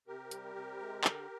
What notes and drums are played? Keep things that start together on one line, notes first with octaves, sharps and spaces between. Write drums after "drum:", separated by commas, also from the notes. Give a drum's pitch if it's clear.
C3 G4 A#4
G3, drum: hi-hat
C3
G#3
D3, drum: clap